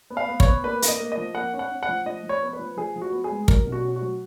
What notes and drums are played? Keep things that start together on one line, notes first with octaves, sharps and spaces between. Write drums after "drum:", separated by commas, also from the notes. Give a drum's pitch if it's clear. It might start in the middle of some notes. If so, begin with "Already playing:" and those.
B3
F5
B3
C#5, drum: kick
B3
A#3 B4
A#3, drum: hi-hat
D#5
A#3
D#5
F3
A#3 F#5
C#4
F#5
C#4
F#5
F3
F3 D#5
F3
C#5
B3
B4
F3
F3 G#4
F3
F#4
B3
G#4
G#3
F#3 A#4, drum: kick
B2
F#4
C#4
F#4
F#3